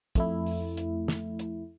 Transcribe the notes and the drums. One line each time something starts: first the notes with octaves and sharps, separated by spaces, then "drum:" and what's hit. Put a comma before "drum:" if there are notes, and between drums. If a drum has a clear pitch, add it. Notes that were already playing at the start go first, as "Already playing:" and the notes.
F2 A3 E4, drum: kick, hi-hat
drum: open hi-hat
drum: hi-hat
drum: snare
drum: hi-hat